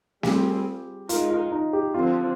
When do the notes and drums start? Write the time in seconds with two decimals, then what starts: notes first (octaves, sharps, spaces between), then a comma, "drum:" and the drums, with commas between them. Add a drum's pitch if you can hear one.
0.23 G3 C4 F4 G4 G#4, drum: snare
1.09 G#3 D#4 F4 A#4, drum: hi-hat
1.31 F4
1.52 D#4
1.73 G4
1.94 D3 F3 C4 F4